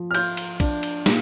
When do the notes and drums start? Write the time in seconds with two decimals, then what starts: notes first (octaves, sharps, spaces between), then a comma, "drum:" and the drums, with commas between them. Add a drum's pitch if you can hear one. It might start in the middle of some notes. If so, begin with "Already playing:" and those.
Already playing: F3
0.11 F6
0.14 F4 G6, drum: cymbal
0.37 drum: cymbal
0.60 D4, drum: kick, cymbal
0.83 drum: cymbal
1.06 A#2, drum: snare